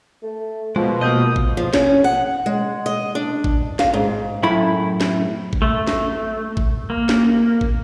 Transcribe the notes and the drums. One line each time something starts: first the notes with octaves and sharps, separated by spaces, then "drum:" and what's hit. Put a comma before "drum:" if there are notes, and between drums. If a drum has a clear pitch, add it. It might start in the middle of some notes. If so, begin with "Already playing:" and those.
A3
B2 F3 G#3
A#3 D#5 D#6 G6 D#7
drum: kick
F3
C#4, drum: snare
F#5
G#3
D#5
D4
drum: kick
F5, drum: snare
G#2
F#2 A2 A3 E4 B5
drum: snare
drum: kick
A3
drum: snare
drum: kick
A#3
drum: snare
drum: kick